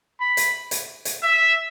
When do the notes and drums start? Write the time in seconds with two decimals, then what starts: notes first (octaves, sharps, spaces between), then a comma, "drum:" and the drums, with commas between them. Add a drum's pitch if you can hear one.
0.20 B5
0.37 drum: hi-hat
0.71 drum: hi-hat
1.05 drum: hi-hat
1.23 E5